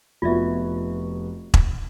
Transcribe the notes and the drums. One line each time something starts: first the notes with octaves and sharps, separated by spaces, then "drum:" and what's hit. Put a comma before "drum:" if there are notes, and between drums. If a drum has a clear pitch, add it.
F1 B3 F4 F#4 D5 E5
drum: kick E1